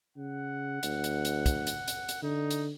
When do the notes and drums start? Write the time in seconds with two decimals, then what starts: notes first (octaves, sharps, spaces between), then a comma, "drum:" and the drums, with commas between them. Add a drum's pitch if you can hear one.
0.17 C#3 F#5
0.83 D2, drum: hi-hat
1.04 drum: hi-hat
1.25 drum: hi-hat
1.46 drum: kick, hi-hat
1.67 drum: hi-hat
1.88 drum: hi-hat
2.09 drum: hi-hat
2.23 D3 D#4
2.50 drum: hi-hat